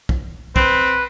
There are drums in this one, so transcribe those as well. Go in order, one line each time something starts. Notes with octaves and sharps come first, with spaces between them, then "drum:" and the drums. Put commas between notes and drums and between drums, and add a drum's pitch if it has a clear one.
drum: kick
C4 B4, drum: kick